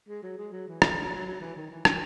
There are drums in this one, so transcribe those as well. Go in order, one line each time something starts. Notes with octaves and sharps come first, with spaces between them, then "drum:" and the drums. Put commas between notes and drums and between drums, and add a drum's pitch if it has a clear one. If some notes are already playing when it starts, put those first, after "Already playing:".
G#3
F#3
G#3
F#3
E3
D#3, drum: rim click
E3
F#3
F#3
F#3
E3
D#3
E3
F#3, drum: rim click